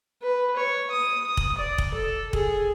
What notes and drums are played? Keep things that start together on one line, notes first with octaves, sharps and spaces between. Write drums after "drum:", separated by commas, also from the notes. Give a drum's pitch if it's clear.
B4
C#5
D#6
D#6
drum: kick
D5
drum: kick
A4
G#4, drum: kick